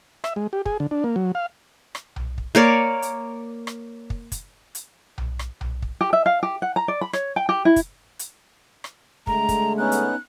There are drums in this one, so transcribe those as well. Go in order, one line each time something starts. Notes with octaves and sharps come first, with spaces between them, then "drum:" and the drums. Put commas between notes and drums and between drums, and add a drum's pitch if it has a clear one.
E5, drum: rim click
G#3
G4
G#4, drum: kick
D3
D4
A#3
F#3
F5
drum: rim click
drum: tom B1
drum: kick
A#3 A#4 C#5 D5
drum: hi-hat
drum: rim click
drum: kick
drum: kick, hi-hat
drum: hi-hat
drum: tom B1
drum: rim click
drum: tom B1
drum: kick
G4
E5
F5
G4
F#5
A#5
D5
B5
C#5, drum: rim click
G5
G4
E4
drum: kick, hi-hat
drum: hi-hat
drum: rim click
D3 G#3 A3 A#5, drum: kick
drum: kick, hi-hat
B3 C#4 D#4 F#6
drum: hi-hat